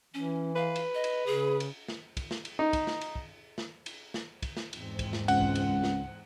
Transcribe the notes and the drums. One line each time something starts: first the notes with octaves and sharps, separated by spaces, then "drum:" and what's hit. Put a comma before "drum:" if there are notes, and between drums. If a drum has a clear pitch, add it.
E3 C#4
B4 F5
drum: cymbal
D#5
drum: cymbal
C#3 G#4
drum: cymbal
drum: snare
drum: kick, cymbal
drum: snare
drum: cymbal
D#4
drum: kick, cymbal
drum: snare
drum: cymbal
drum: kick
drum: snare
drum: cymbal
drum: snare
drum: kick, cymbal
drum: snare
E2 G#2 C4, drum: cymbal
drum: kick, cymbal
drum: snare
C#2 F#5, drum: cymbal
drum: kick
drum: cymbal
drum: snare